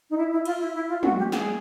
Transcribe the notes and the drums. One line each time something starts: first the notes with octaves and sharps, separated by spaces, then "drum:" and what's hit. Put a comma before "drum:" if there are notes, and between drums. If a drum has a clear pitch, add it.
D#4
E4
E4
F4, drum: cymbal
E4
E4
F4
F#4, drum: tom
G4
G#4, drum: snare